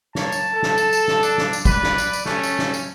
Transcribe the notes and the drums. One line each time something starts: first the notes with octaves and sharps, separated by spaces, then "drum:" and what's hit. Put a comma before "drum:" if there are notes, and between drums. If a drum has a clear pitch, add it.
A#3 C#5 A5, drum: snare
drum: tambourine
A4
drum: snare
drum: tambourine
drum: tambourine
drum: snare
D4, drum: tambourine
drum: snare
drum: tambourine
B4 D5, drum: kick, tambourine
drum: snare
drum: tambourine
drum: tambourine
A3 C#4, drum: snare
drum: tambourine
drum: snare
drum: tambourine